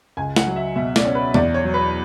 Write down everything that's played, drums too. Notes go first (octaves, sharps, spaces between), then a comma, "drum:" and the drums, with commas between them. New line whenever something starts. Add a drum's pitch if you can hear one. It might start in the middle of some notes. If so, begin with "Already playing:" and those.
C#2 G#5
F#5, drum: snare
F#3
E5
B2 E5
D5, drum: snare
C#4
B4
E2 D5, drum: tom
C#5
F#3
B4